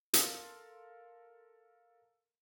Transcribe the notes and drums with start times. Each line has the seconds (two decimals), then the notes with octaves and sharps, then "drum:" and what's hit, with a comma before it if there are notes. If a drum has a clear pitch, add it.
0.14 A4 A#4 F5 A5 C6, drum: hi-hat